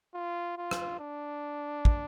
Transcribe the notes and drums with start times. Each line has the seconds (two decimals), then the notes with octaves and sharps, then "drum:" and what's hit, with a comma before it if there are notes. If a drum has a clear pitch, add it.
0.14 F4
0.58 F4
0.71 drum: rim click
1.00 D4
1.85 drum: kick